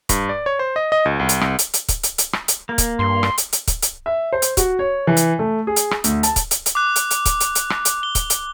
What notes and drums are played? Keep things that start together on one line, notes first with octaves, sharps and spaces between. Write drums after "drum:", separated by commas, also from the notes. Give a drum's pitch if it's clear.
G2, drum: kick, hi-hat
D5
C#5
C5
D#5
D#5
C#2
C2
drum: hi-hat
C2, drum: rim click
drum: hi-hat
drum: hi-hat
drum: kick, hi-hat
drum: hi-hat
drum: hi-hat
drum: rim click
drum: hi-hat
A#3
drum: kick, hi-hat
G2 C6
drum: rim click
drum: hi-hat
drum: hi-hat
drum: kick, hi-hat
drum: hi-hat
E5
C5
drum: hi-hat
F#4, drum: kick, hi-hat
C#5
E3
drum: hi-hat
A3
G#4
drum: hi-hat
drum: rim click
D2, drum: hi-hat
A5, drum: hi-hat
drum: kick, hi-hat
drum: hi-hat
drum: hi-hat
D6 F#6
drum: hi-hat
drum: hi-hat
drum: kick, hi-hat
drum: hi-hat
drum: hi-hat
drum: rim click
drum: hi-hat
G7
drum: kick, hi-hat
drum: hi-hat